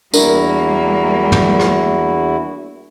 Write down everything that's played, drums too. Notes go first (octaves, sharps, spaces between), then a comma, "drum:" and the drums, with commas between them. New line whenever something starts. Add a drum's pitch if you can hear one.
E2 G3 A#3 D4 E4 F#4 A#4, drum: tambourine
drum: tom
drum: rim click